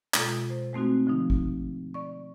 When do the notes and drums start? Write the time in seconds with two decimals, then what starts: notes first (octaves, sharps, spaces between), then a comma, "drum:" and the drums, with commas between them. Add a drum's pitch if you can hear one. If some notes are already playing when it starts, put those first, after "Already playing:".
0.14 B2 G#3 F4 A4 A6, drum: clap
0.50 C5
0.73 G#3 A3 C4 D#4 F#4
1.07 D3 F3 D#4
1.30 drum: kick A1
1.94 D5 C#6